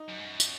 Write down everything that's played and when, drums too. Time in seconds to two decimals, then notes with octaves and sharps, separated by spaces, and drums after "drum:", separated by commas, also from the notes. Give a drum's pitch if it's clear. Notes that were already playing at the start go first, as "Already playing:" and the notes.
Already playing: D#4
0.09 F#2
0.19 G#2
0.24 F#2
0.40 drum: tambourine